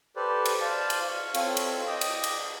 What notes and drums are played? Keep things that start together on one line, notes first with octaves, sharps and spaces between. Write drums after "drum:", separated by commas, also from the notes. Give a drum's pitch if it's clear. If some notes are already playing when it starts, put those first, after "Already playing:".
G4 A4 B4 C5 D5
drum: cymbal
C5 D5 F5 A5
drum: cymbal
F5 C#6
C4 F4 A4 C#5 F5, drum: cymbal
drum: cymbal
D#5 G5 D6 D#6
drum: cymbal
drum: cymbal